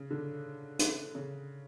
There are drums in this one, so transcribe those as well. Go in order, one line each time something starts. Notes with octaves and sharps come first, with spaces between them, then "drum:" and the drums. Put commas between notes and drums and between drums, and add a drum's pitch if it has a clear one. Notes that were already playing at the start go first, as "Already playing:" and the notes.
Already playing: C#3
D3
drum: hi-hat
C#3